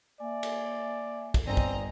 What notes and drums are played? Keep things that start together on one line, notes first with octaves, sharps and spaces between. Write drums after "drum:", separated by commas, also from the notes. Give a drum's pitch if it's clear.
A#3 D5 E5 G#5
drum: cymbal
drum: kick, cymbal
G1 C4 D5 D#5 G#5 A#5
drum: kick